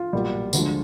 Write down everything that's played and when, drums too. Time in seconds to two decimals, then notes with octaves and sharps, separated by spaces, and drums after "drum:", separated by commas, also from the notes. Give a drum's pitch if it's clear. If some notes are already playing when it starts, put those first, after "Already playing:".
Already playing: F4
0.13 B1 A#2 G3
0.53 D2 D3 F3 G#3, drum: tambourine